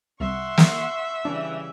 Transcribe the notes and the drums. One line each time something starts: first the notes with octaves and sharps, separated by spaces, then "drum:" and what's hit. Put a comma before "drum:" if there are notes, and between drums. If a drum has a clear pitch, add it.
C2 E5 F#5 C6 C#6
drum: snare
C#3 E3 G3 D4